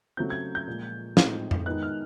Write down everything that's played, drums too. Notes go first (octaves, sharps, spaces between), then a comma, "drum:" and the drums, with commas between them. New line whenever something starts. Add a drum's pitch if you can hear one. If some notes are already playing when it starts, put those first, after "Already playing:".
C#3 F#3 A3 C4 G6
G#6
G6
A#2 F3 G#3
A2 F3 G#3 C4 D#4, drum: snare
drum: tom F2
D#3 G#3 B3 D#4 F#6
F6